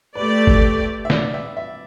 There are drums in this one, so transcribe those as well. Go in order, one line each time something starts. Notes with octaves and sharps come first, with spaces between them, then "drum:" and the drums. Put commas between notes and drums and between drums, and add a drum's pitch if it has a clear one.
A3 G4 B4 D5
drum: kick G1
E5
D5, drum: snare
E5
E5